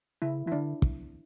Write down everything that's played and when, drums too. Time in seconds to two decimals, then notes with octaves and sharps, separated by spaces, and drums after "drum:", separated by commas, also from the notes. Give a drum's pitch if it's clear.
0.22 C#3 E4
0.46 E3 E4
0.52 D3 D4
0.82 drum: kick